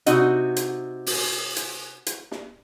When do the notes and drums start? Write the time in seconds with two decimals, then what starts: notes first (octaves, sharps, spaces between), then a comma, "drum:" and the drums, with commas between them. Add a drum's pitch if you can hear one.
0.06 C3 D#4 F#4 D#5, drum: hi-hat
0.56 drum: hi-hat
1.06 drum: open hi-hat
1.56 drum: hi-hat
2.06 drum: hi-hat
2.31 drum: snare